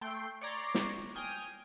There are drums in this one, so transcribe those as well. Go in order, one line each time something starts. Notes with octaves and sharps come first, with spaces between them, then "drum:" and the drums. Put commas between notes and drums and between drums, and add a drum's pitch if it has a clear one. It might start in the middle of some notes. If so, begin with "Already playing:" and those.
A3 G5 C6 C7
C#5 D5 A#5 C6
drum: snare
G5 G#5 D#6 F6